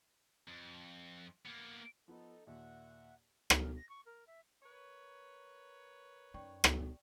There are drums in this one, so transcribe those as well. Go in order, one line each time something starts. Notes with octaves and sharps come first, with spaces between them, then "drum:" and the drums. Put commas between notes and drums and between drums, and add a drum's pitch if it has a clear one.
F2
A#3 B3
F3 B3 D#4 A4
D#2 A#2 E5 F#5
drum: rim click
A#4
A#6
C#6
A#4
E5
A#4 B4 C#5
F#2 D#4 D5 G5 C#6
drum: rim click